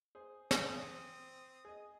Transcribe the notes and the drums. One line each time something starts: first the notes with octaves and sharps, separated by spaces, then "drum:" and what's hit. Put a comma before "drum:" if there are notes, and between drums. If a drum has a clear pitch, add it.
G#4 C5
C4 D#6, drum: snare
G#4 D#5